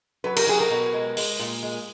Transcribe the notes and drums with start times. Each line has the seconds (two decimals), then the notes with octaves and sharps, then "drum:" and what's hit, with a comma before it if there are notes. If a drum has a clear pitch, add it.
0.24 F#3 B4
0.36 A#4, drum: cymbal
0.47 F#3 G#4
0.60 A#4
0.71 B2
0.93 G#3
1.17 G#3, drum: open hi-hat
1.39 A#2
1.63 G#3